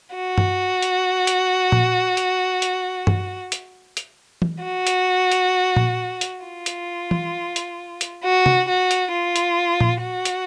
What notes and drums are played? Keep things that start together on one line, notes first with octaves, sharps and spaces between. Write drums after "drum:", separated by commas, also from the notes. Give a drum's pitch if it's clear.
F#4
drum: tom G2
drum: hi-hat
drum: hi-hat
drum: tom A#2
drum: hi-hat
drum: hi-hat
drum: tom G2
drum: hi-hat
drum: hi-hat
drum: tom E3
F#4
drum: hi-hat
drum: hi-hat
drum: tom A#2
drum: hi-hat
F4
drum: hi-hat
drum: tom E3
drum: hi-hat
drum: hi-hat
F#4
drum: tom C3
F#4
drum: hi-hat
F4
drum: hi-hat
drum: tom A#2
F#4
drum: hi-hat